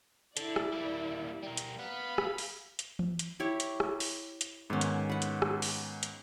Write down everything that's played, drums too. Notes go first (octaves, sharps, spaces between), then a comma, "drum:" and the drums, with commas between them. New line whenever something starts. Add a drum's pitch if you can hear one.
D3 E4 D5, drum: hi-hat
drum: rim click
G3 A#3
G3 A#4
drum: hi-hat
B3 F5 B5
drum: rim click
drum: open hi-hat
drum: hi-hat
drum: tom E3
drum: hi-hat
E4 G4 C#5
drum: hi-hat
drum: rim click
drum: open hi-hat
drum: hi-hat
G#2 D#3 B3 C#4
drum: hi-hat
B4 F#5
drum: hi-hat
drum: rim click
drum: open hi-hat
drum: hi-hat